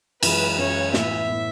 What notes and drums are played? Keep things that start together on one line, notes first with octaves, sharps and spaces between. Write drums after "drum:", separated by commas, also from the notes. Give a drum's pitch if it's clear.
F#2 E3 G#3 C#4 B4, drum: cymbal
F#2 E3 G#3 C#4 C#5
A2 E3 B3 E4 E5, drum: snare
A2 E3 B3 E4